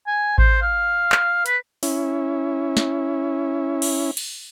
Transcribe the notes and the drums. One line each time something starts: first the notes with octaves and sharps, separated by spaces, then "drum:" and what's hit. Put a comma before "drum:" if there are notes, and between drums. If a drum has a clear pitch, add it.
G#5
C5, drum: kick A1
F5
drum: clap
B4, drum: hi-hat
C#4 E4, drum: open hi-hat
drum: snare
drum: cymbal
drum: cymbal